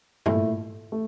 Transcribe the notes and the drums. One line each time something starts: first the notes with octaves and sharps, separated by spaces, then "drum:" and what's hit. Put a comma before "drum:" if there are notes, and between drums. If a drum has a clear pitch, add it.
A#2 A3 E4, drum: tom G2
A3